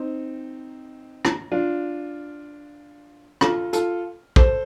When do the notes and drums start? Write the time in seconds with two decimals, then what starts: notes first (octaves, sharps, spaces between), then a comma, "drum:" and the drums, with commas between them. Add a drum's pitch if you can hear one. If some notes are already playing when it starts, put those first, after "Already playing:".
Already playing: C4 D#4
1.25 drum: rim click
1.52 D4 F4
3.41 F4 A4, drum: rim click
3.73 F4 A4, drum: hi-hat
4.36 A4 C5, drum: kick